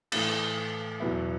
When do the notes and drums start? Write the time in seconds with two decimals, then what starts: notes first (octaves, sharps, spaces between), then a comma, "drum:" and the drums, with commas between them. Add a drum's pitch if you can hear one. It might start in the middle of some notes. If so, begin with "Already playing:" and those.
0.12 A2 E3 A3 A6, drum: cymbal
1.00 E2 B2 F#3 B3 E4